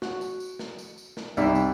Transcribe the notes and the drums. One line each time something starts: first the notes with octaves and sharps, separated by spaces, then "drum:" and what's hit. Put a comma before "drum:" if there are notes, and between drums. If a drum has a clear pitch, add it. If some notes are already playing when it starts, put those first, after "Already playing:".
F#4, drum: snare
drum: tambourine
drum: tambourine
drum: snare
drum: tambourine
drum: tambourine
drum: snare
C2 D#4 D5 E5, drum: tambourine
drum: tambourine